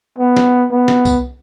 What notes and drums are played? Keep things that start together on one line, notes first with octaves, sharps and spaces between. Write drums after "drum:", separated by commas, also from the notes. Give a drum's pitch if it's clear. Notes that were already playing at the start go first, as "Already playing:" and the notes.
B3
drum: snare
B3
drum: snare
drum: kick C2, tambourine